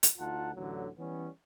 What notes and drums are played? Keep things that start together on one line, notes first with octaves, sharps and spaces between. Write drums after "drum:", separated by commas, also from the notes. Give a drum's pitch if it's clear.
drum: hi-hat
D2 D#4 F4 F#5 A5
A1 D2 A2 D3 F#3
E3 G3 B3 C#4